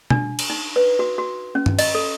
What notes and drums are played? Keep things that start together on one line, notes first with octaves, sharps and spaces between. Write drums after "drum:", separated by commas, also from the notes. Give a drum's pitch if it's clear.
D4, drum: tom
drum: cymbal
D#4
B4
F#4
F#4
C#4
drum: tom G2
D#5, drum: cymbal
A4